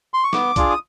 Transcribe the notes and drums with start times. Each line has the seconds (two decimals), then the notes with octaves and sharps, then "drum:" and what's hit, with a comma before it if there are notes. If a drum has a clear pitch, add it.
0.14 C6
0.24 C#6
0.33 B3 D6, drum: snare
0.56 D4 F4 G#4, drum: kick, hi-hat
0.70 D#6